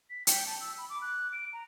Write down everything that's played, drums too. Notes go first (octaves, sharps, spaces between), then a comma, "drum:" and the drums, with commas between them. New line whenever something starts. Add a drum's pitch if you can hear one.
B6
G5, drum: hi-hat
A5
E6
B5
D6
F#6
D7
A#5